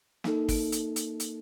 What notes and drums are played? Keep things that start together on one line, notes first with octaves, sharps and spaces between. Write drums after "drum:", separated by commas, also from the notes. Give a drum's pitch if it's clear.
A#3 D#4 A4, drum: snare
drum: kick, open hi-hat
drum: hi-hat
drum: hi-hat
drum: hi-hat